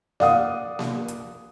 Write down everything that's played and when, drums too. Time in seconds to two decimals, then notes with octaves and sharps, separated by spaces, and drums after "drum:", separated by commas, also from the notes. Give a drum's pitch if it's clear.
0.20 D5 F5 F#5 D#6, drum: snare A#3
0.79 drum: snare A#3
1.08 drum: hi-hat